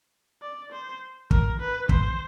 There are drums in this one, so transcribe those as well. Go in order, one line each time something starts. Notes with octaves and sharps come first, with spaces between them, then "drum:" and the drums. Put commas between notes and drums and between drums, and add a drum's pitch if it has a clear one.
D5
C5
A#4, drum: kick
B4
C5, drum: kick